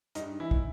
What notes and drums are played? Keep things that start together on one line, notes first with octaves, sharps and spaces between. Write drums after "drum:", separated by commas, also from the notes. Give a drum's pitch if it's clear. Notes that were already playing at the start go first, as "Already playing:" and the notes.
G2 D#4, drum: hi-hat
E3 E4
drum: kick